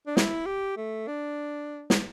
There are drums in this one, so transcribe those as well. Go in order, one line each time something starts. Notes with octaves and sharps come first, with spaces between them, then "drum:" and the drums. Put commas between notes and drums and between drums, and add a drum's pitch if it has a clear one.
D4
E4, drum: snare
G4
A3
D4
drum: snare